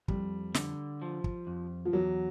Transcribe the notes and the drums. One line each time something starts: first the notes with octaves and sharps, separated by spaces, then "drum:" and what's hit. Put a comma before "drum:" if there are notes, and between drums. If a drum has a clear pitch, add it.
F2 G3, drum: kick
D3, drum: snare
F3
drum: kick
F2
F3
E2 F#3